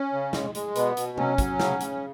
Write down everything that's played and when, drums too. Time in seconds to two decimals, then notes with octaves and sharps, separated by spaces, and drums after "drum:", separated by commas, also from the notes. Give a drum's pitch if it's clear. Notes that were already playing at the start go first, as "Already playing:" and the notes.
Already playing: C#4
0.13 C#3
0.33 G#3, drum: snare
0.55 G#3, drum: hi-hat
0.75 B2 B3, drum: hi-hat
0.97 B2, drum: hi-hat
1.18 F#3 C#4, drum: tom C3
1.38 F#3, drum: kick, hi-hat
1.60 C#3, drum: snare
1.80 C#3, drum: hi-hat